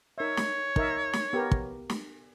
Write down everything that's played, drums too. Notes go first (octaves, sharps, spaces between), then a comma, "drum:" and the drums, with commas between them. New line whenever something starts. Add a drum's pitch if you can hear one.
D#4 A#4 C#5 E5
drum: snare
D#4 A#4 E5, drum: kick
drum: snare
B3 G4 A#4
drum: kick
drum: snare